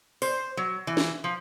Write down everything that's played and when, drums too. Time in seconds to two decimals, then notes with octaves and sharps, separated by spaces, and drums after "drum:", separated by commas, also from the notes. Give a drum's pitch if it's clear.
0.22 C5, drum: open hi-hat
0.57 F#3
0.87 E3
0.97 drum: snare
1.24 F3